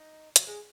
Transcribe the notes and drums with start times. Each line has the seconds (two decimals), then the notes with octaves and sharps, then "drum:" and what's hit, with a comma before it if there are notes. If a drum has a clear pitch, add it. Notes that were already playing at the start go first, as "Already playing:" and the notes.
Already playing: D#4
0.36 F#3, drum: hi-hat
0.47 G#3